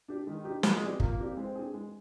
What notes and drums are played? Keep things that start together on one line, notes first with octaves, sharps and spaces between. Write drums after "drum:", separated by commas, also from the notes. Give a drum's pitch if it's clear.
D4 G4
D#3 G#3
D4 G4
F3 G#3, drum: snare
C4 G4 D5
F3 A#3, drum: kick
C4 G4 D5
G#3 C4
D4 G#4
G#3